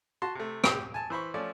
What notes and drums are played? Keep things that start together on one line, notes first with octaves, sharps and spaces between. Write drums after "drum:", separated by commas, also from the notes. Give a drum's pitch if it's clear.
F#4 A5 C6
C3 A3
G4, drum: rim click
G#5 A5
E3 C5 B5 C#6
F3 A3 C#4 D5